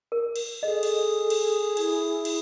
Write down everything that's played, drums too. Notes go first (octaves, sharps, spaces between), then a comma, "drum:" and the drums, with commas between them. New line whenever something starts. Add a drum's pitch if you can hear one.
A#4
drum: cymbal
G#4 A4 D#5
drum: cymbal
drum: cymbal
E4, drum: cymbal
drum: cymbal